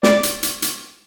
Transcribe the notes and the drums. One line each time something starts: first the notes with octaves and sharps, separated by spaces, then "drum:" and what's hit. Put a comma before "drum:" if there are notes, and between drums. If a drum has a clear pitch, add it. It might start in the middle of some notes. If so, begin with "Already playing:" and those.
D5, drum: snare
drum: hi-hat
drum: hi-hat
drum: hi-hat